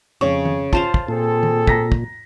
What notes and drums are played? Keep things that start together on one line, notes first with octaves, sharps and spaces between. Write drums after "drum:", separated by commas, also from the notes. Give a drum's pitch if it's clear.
F2 C#3 C#5 C#6
drum: tom D#3
F4 C5 F5 A5, drum: kick
drum: kick
A#2 C4 G#4 A4
drum: tom D#3
A#5 A#6 B6, drum: kick
drum: kick